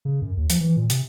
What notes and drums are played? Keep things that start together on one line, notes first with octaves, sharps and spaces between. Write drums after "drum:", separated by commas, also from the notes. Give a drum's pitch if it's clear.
C#3
F#2
D#2
F3, drum: hi-hat
E3
A#2
C3, drum: hi-hat